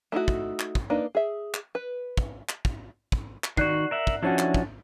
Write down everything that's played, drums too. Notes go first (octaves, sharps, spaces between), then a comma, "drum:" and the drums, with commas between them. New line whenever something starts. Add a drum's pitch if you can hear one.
A3 D#4 E4 F#4
drum: kick
drum: clap
drum: kick
A#3 D4 D#4 B4
G#4 E5
drum: clap
B4
drum: kick
drum: clap
drum: kick
drum: kick
drum: clap
D#3 F#4 D5 F#6 C7, drum: kick
A#4 E5 F#5
drum: kick
F3 C#4 D4 E4 F#4 A4
drum: clap
drum: kick